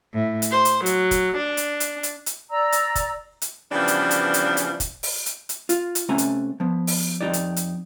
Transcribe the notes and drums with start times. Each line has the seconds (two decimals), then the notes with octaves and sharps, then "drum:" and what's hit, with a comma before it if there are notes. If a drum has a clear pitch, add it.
0.14 A2
0.42 drum: hi-hat
0.51 C5
0.65 drum: hi-hat
0.86 F#3, drum: hi-hat
1.11 drum: kick F1, hi-hat
1.39 D4
1.57 drum: hi-hat
1.80 drum: hi-hat
2.03 drum: hi-hat
2.26 drum: hi-hat
2.49 D5 A#5 E6
2.72 drum: hi-hat
2.95 drum: kick F1, hi-hat
3.42 drum: hi-hat
3.72 C#3 E3 F3 G3 B3 D4
3.88 drum: hi-hat
4.11 drum: hi-hat
4.34 drum: hi-hat
4.57 drum: hi-hat
4.80 drum: kick F1, hi-hat
5.03 drum: open hi-hat
5.26 drum: hi-hat
5.49 drum: hi-hat
5.69 F4, drum: hi-hat
5.95 drum: hi-hat
6.09 C3 A3 C#4 F#5 G#5 A#5
6.18 drum: hi-hat
6.60 F3 B3
6.87 drum: open hi-hat
7.21 F2 A#2 D#4 G4 D5
7.33 drum: hi-hat
7.56 drum: hi-hat